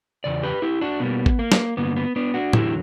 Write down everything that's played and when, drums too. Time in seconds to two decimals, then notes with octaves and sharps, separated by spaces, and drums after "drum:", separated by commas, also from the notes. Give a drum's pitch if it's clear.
0.24 E2 C#3 D5
0.43 G4 B4
0.62 E4 G4
0.81 D4 F#4
1.00 B2 G3 A#3 B3
1.26 drum: kick G#1
1.39 A#3
1.52 drum: snare
1.77 G2 D3 A#3 B3
1.97 B3
2.16 B3 D4
2.34 D4 F#4
2.53 E2 D3 F#3 E4 G4, drum: tom